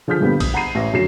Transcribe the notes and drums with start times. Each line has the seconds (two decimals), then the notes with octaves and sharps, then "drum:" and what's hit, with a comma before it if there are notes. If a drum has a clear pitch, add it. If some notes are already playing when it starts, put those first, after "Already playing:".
0.08 D3 F3 G#4 F6 G6 B6
0.21 G2 A#2 D3 G3 B3 F4
0.40 D#6, drum: kick A#1, cymbal
0.54 F#5 A#5 B5 C7 D#7
0.75 A1 A#6
0.93 F1 F#2 D3 F#3 C7 E7